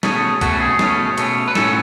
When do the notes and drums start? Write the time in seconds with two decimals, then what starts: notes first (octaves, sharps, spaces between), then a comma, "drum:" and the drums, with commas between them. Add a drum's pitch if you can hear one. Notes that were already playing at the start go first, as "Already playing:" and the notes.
0.03 B2 A3 C#4 G#4, drum: snare
0.41 B2 A3 C#4 F#4, drum: kick, hi-hat
0.60 G#4
0.79 B2 A3 C#4, drum: snare
1.18 B2 A3 C#4, drum: hi-hat
1.48 B4
1.55 A2 F#3 C#4 A4, drum: snare